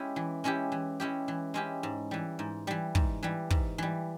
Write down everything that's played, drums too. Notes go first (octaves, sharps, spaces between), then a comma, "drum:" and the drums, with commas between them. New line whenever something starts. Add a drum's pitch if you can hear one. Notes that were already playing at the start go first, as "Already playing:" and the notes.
Already playing: G#3 C#4 E4 G4
E3
G#3 C#4 E4 G4
E3
G#3 C#4 E4 G4
E3
G#3 C#4 E4 G4
G#2
E3 G3
G#2
E3 G3
G#2, drum: kick
E3 G3
G#2, drum: kick
E3 G3